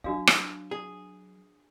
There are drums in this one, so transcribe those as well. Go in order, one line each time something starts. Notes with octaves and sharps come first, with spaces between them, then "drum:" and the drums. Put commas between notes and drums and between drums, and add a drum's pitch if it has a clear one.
F#3 D4 F#4 F5
drum: rim click
G#4